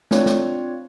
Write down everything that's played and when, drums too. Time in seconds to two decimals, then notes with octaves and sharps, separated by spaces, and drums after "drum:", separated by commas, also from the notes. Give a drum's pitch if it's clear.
0.11 C4 D4 F4 C#5, drum: snare
0.26 drum: snare